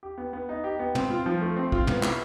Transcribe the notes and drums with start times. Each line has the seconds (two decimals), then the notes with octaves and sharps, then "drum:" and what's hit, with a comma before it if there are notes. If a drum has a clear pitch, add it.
0.03 G4
0.18 B3
0.33 B3
0.49 D#4
0.64 G4
0.79 B3
0.95 C4, drum: tom
1.10 F4
1.26 F3
1.41 A3
1.56 C4
1.72 F4, drum: kick
1.87 B3, drum: tom
2.03 E4, drum: clap